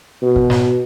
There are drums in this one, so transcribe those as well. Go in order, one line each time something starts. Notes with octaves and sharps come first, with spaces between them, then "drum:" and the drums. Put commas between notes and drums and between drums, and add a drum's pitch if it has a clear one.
B2
drum: kick
drum: snare